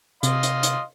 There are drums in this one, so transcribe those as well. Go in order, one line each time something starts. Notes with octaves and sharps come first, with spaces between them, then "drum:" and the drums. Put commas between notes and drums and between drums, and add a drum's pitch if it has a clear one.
C3 D#5 F5 C6, drum: hi-hat
drum: hi-hat
drum: hi-hat